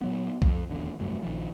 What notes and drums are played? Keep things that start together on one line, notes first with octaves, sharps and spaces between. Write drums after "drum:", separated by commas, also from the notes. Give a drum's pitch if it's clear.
A#2 F#3 B3
F2, drum: kick B1
D#1 E2 D3
F1 D2 G2 F#3
A#1 D#3 F3